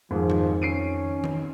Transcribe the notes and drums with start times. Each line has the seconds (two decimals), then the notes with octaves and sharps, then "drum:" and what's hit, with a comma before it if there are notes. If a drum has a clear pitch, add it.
0.11 F2 G#2 D#3 F3 G#4
0.30 drum: tom D#3
0.62 C#4 C7 D7 D#7
1.24 drum: tom D#3